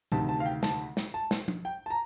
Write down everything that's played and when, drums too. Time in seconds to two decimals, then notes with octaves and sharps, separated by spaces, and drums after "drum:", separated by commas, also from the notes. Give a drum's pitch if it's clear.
0.12 D2 C3 D#3 A5, drum: tom F3
0.29 A5
0.40 F5
0.46 G5
0.63 A5, drum: snare
0.97 drum: snare
1.14 A5
1.31 drum: snare
1.48 drum: tom F3
1.65 G5
1.86 A5
1.90 A#5